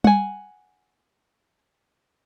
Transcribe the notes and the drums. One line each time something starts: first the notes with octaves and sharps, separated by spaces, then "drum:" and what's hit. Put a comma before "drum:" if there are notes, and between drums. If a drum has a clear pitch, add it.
F#5 G#5, drum: tom G3